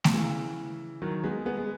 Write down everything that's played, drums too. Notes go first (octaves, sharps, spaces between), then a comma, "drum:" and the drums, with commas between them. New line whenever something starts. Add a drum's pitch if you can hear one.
drum: snare A3
C#3 E3
D#3 F#3
G#3 B3
G#3 B3
G#3